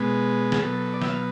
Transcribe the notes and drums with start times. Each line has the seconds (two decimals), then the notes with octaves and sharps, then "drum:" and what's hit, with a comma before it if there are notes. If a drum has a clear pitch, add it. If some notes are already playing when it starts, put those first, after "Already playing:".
Already playing: B2 G#3 B3
0.52 G#4, drum: snare
0.61 B2 F#3 B3 A4
0.77 A4
0.93 D5
1.02 E5, drum: snare
1.09 F5